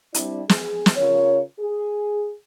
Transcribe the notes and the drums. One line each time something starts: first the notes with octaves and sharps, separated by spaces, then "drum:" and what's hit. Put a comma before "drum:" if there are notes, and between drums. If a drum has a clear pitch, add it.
G3 C4 D4 E4 D5, drum: hi-hat
G#4, drum: snare
drum: snare
C#3 F4 A#4 C#5
G#4